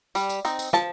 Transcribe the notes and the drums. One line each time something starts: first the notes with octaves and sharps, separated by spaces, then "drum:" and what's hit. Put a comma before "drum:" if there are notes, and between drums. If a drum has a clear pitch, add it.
G3, drum: tambourine
drum: tambourine
C4 D#4, drum: tambourine
drum: tambourine
F3 A5, drum: rim click